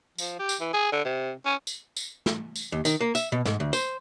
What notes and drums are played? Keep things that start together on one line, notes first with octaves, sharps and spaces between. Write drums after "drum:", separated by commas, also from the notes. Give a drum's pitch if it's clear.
F3, drum: tambourine
G4
drum: tambourine
E3
G#4
D3
C3
C#4
drum: tambourine
drum: tambourine
drum: snare
drum: tambourine
D#2
D#3, drum: tambourine
A#3
E5, drum: tambourine
B2
G#2, drum: snare
D2
C5, drum: tambourine